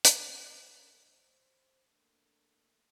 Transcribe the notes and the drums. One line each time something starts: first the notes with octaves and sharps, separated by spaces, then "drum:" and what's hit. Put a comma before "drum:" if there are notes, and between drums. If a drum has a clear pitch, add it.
drum: hi-hat
D4 A4 A#4 C#5
C5
A3 A#3 D4